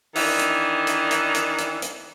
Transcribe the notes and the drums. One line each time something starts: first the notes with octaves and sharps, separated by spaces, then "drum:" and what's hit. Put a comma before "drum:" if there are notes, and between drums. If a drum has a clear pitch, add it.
D#3 E3 D4, drum: open hi-hat
drum: hi-hat
drum: hi-hat
drum: hi-hat
drum: hi-hat
drum: hi-hat
drum: hi-hat